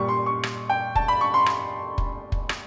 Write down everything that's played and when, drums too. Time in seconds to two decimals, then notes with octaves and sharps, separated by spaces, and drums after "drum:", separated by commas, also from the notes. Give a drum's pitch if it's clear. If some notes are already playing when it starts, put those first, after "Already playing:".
Already playing: A#2 G3 C#6
0.09 C6
0.26 C#6
0.43 drum: rim click
0.70 G5
0.95 A5, drum: kick
1.08 B5
1.21 C#6
1.34 C6
1.46 drum: rim click
1.98 drum: kick
2.32 drum: kick
2.49 drum: rim click